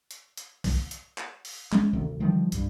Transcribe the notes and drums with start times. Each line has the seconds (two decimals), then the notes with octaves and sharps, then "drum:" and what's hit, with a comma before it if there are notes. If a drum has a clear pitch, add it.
0.11 drum: hi-hat
0.37 drum: hi-hat
0.64 drum: kick, open hi-hat
0.91 drum: hi-hat
1.18 drum: clap
1.45 drum: open hi-hat
1.72 G#3 C#4, drum: clap
1.93 D2 C3 D#3
2.20 D3 D#3 F3 G3
2.52 C2 G2, drum: hi-hat